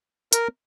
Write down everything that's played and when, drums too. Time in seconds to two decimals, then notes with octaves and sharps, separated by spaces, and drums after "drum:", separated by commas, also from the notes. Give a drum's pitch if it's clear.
0.33 A#4, drum: hi-hat